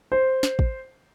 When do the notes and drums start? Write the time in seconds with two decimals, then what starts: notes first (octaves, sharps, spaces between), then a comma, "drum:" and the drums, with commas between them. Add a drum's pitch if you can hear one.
0.12 C5
0.43 drum: snare
0.59 drum: kick